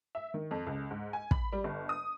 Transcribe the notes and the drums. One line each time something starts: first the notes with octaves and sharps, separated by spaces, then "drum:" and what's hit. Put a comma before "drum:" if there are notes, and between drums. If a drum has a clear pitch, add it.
E5
D#3
F2
C#2
G#2
G#5
B5, drum: kick
G3
G1
D#6